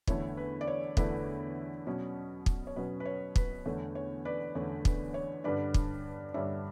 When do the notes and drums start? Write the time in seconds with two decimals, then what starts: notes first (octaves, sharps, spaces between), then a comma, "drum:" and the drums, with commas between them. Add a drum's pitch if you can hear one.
0.07 E2 D3 A3 E4 C#5, drum: kick
0.37 B4
0.61 D5
0.68 C#5
0.97 E2 D3 A3 E4 B4 D5, drum: kick
1.87 B2 F#3 C#4
2.46 drum: kick
2.67 C#5
2.76 B2 F#3 C#4 B4
3.00 B4
3.05 C#5
3.36 B4, drum: kick
3.65 E2 D3 A3 C#5
3.95 C#5
4.25 B4 D5
4.55 E2 D3 A3 C#5
4.85 B4, drum: kick
5.14 C#5
5.44 G2 D3 G3 D4 B4 D5
5.74 drum: kick
6.34 G2 D3 G3 D4 C#5 E5